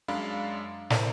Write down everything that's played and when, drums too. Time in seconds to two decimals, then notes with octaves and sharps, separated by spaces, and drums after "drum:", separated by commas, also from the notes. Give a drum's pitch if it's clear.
0.08 F#2 G#3 D4 F5 B5
0.90 C4 E4 A4 A#4 D5, drum: snare